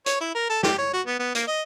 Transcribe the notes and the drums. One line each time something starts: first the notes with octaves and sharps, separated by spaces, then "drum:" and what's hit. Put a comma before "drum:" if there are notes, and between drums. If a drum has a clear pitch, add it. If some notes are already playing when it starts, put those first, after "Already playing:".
C#5, drum: hi-hat
E4
A#4
A4
G4, drum: snare
C#5
F#4
B3
B3
A#3, drum: hi-hat
D#5